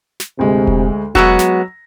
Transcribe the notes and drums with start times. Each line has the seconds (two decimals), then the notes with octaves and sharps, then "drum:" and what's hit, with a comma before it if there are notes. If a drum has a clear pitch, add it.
0.20 drum: snare
0.39 D2 C3 G#3
0.67 drum: kick E1
1.15 F#3 G#3 B3 F#4 A#5 E6 A#6, drum: kick E1
1.39 drum: snare